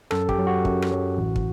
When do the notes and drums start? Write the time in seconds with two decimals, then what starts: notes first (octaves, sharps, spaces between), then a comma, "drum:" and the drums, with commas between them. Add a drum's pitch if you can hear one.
0.11 F#2 A4, drum: rim click
0.29 G4, drum: kick
0.38 F#3
0.47 F#4
0.65 F#2, drum: kick
0.82 drum: rim click
0.92 F#3
1.17 A1
1.36 drum: kick